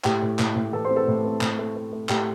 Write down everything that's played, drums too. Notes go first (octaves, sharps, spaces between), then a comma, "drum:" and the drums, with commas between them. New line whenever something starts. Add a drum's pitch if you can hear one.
A2 G4 G5, drum: clap
A2
A2, drum: clap
A2
E3 A4 A5
C5 C6
C4
A4 A5
A2
C4
A2, drum: clap
A3
A3
A3
A2 G4 G5, drum: clap